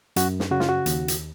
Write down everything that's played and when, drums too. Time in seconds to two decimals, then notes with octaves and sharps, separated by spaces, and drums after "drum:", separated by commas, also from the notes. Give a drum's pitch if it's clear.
0.16 F#2 F#4, drum: hi-hat
0.40 drum: snare
0.51 C#3 F#4
0.60 F4, drum: snare
0.69 F#4
0.86 D#2, drum: hi-hat
1.08 drum: hi-hat